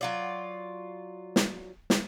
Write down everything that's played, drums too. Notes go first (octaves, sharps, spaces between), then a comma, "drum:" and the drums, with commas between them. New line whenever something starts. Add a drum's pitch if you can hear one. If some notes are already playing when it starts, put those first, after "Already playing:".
F#3 F4 D5
drum: snare
drum: snare